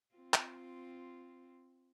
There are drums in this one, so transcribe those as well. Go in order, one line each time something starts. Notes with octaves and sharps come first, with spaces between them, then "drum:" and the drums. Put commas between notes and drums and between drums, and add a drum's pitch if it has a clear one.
C4 F4
drum: clap